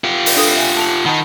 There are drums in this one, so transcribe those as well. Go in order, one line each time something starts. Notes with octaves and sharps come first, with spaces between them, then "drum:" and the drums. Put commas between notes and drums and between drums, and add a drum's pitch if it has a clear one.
F4 G4
drum: open hi-hat
D4 A4 D#6
E5 G#5
A5 D7 F7
D#3 D#4 F#5 A5 B5